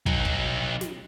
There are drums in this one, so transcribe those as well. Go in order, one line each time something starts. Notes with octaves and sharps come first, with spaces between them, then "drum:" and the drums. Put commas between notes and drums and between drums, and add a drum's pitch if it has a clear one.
F#3 D#4, drum: kick
drum: kick
drum: snare